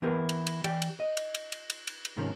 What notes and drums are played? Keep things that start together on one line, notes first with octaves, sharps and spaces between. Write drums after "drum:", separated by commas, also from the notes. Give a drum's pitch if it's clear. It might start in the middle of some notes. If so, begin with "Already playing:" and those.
E3 B3 E4 G4 A#4 B4
drum: cymbal
drum: cymbal
E3 G4 D5 G5, drum: cymbal
drum: cymbal
D#5
drum: cymbal
drum: cymbal
drum: cymbal
drum: cymbal
drum: cymbal
drum: cymbal
G#2 C3 D#3 F3 C#4